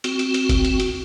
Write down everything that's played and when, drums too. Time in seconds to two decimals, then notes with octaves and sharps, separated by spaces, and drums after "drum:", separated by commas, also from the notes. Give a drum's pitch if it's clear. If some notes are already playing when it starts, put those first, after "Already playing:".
0.04 C4 F#4, drum: hi-hat
0.19 drum: hi-hat
0.34 drum: hi-hat
0.49 drum: kick G1, hi-hat
0.65 drum: hi-hat
0.80 drum: hi-hat